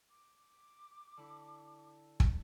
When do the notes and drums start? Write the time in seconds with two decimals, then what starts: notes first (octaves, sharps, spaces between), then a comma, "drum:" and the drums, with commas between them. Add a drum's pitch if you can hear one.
0.11 D6
1.17 D3 E4
2.20 drum: kick